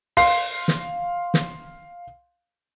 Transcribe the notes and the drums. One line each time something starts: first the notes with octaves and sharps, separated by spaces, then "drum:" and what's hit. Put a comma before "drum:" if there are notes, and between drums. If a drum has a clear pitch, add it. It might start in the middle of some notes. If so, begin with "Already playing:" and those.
F5 C6 C7, drum: open hi-hat
drum: snare
drum: snare